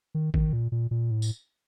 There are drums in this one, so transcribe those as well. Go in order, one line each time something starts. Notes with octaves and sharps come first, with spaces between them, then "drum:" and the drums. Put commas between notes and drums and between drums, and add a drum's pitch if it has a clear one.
D#3
D#3, drum: kick
A#2
A#2
A#2
A2
drum: tambourine